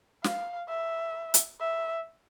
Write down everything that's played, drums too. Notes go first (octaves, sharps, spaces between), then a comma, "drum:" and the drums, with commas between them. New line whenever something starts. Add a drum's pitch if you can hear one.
F5, drum: snare
E5
drum: hi-hat
E5